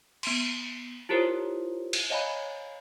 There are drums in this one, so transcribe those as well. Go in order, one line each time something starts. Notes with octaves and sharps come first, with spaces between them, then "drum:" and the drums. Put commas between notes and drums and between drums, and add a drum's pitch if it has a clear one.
B3 C6, drum: cymbal
E4 F4 G4 A#4 C5 C#5
drum: cymbal
C#5 D#5 F5 G#5 A#5 B5